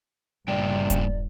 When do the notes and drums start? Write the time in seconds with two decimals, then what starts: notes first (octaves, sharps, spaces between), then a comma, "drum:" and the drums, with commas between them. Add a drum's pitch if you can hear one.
0.48 G1 G2 A#2 C#3 D5 G5
0.90 drum: kick D#1, hi-hat